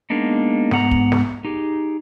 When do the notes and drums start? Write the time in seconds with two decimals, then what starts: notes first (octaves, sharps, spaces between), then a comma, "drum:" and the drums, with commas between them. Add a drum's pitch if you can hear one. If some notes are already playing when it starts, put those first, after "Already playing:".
0.10 G#3 A#3 B3 D4 D#4
0.71 G#2 B3 F#5 A#5, drum: snare
0.91 drum: kick
1.12 drum: snare
1.45 D#4 G4 G#4